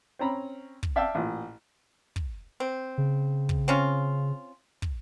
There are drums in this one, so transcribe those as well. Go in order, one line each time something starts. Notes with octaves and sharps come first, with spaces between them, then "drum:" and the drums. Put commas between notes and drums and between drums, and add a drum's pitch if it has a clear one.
C4 C#4 A#5 B5
drum: kick
D5 E5 F5 G5 A5
A1 A#2
drum: kick
C4
C#3
drum: kick
C4 C#4 F4
drum: kick